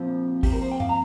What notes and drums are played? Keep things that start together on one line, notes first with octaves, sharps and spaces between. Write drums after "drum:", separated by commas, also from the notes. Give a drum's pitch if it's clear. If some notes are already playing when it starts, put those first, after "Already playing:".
Already playing: A#2 F3 C4
G4, drum: kick, open hi-hat
A#4
C5
G5
F5, drum: tom G2
A#5